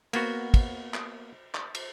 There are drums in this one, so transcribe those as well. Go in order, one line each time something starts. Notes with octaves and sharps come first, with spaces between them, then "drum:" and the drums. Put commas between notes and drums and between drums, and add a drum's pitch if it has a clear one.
A#3 B3 F#4, drum: cymbal
drum: kick, cymbal
drum: clap
drum: clap
drum: cymbal